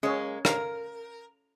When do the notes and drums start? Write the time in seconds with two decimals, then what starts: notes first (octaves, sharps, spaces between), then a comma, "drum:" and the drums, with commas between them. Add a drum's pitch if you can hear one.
0.03 G#3 A#3 C#4 C#5
0.45 A#4 F5, drum: rim click